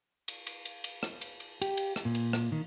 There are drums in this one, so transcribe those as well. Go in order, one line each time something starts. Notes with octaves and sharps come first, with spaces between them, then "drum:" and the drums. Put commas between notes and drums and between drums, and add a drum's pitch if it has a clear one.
drum: cymbal
drum: cymbal
drum: cymbal
drum: cymbal
drum: rim click
drum: cymbal
drum: cymbal
G4, drum: cymbal
drum: cymbal
drum: rim click
A#2
drum: cymbal
drum: rim click
D#3